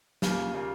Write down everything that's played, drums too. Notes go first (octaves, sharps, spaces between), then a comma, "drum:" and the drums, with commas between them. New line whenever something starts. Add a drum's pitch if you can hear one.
D#2 C#3 G3 A#3 F4, drum: snare
C#3 G3 A#3 F4